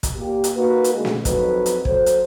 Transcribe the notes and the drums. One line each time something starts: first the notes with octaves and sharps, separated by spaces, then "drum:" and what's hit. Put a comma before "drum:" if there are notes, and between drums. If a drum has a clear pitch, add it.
drum: kick, hi-hat
A#2 G4
drum: hi-hat
A#3 D#4 F#4 B4
drum: hi-hat
D3 D#3 G#3 F#4
drum: snare
F2 D#3 F#3 B4, drum: kick, hi-hat
drum: hi-hat
F#3 A4 C5, drum: kick
drum: hi-hat